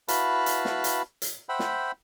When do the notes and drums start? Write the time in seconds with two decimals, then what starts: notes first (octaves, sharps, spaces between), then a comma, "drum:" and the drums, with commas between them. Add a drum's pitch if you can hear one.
0.08 E4 F#4 B4 F5 A5 B5, drum: hi-hat
0.46 drum: hi-hat
0.65 drum: snare
0.84 drum: hi-hat
1.22 drum: hi-hat
1.49 C5 E5 F#5 G5 B5
1.59 drum: snare